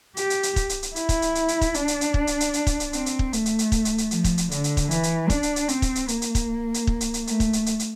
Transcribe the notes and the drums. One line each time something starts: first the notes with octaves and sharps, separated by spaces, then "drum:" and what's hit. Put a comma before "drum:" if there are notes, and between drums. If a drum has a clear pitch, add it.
G4, drum: hi-hat
drum: hi-hat
drum: hi-hat
drum: kick, hi-hat
drum: hi-hat
drum: hi-hat
E4, drum: hi-hat
drum: kick, hi-hat
drum: hi-hat
drum: hi-hat
drum: hi-hat
drum: kick, hi-hat
D4, drum: hi-hat
drum: hi-hat
drum: hi-hat
drum: kick
drum: hi-hat
drum: hi-hat
drum: hi-hat
drum: kick, hi-hat
drum: hi-hat
C4, drum: hi-hat
drum: hi-hat
drum: kick
A3, drum: hi-hat
drum: hi-hat
drum: hi-hat
drum: kick, hi-hat
drum: hi-hat
drum: hi-hat
F3, drum: hi-hat
drum: kick, hi-hat
drum: hi-hat
D3, drum: hi-hat
drum: hi-hat
drum: kick, hi-hat
E3, drum: hi-hat
drum: hi-hat
D4, drum: kick, hi-hat
drum: hi-hat
drum: hi-hat
C4, drum: hi-hat
drum: kick, hi-hat
drum: hi-hat
A#3, drum: hi-hat
drum: hi-hat
drum: kick, hi-hat
drum: hi-hat
drum: kick
drum: hi-hat
drum: hi-hat
A3, drum: hi-hat
drum: kick, hi-hat
drum: hi-hat
drum: hi-hat
drum: hi-hat